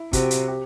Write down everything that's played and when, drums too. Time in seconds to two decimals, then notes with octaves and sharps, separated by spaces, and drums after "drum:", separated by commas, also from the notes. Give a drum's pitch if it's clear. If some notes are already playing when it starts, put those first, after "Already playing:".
Already playing: E4
0.13 C3 F#4, drum: kick, hi-hat
0.31 drum: hi-hat
0.48 G4